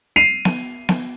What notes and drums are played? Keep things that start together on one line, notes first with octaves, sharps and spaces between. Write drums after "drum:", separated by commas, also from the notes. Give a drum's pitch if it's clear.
C7 D#7 F7
drum: snare B3
drum: snare B3